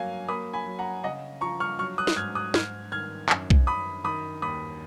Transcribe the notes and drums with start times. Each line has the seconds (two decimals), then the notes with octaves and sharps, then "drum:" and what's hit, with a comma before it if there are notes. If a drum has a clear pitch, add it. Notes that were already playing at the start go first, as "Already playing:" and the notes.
Already playing: F#3 A#3 F5 G#5
0.29 A#3 B5 D#6
0.53 G#5 B5
0.66 F#3
0.79 F#5 A#5
1.04 C#3 D#5 F#5
1.41 F3 A#5 C#6
1.60 C#6 F6
1.79 F#3 C#6 F6
1.98 D#6 F#6
2.07 drum: snare
2.16 G#2 F6 G#6
2.35 D#6 F#6
2.54 G#2 F6 G#6, drum: snare
2.92 D#3 F6 G#6
3.29 F#2, drum: clap
3.50 drum: kick B1
3.67 F#2 B5 D#6
4.04 D#3 B5 D#6
4.42 D#2 B5 D#6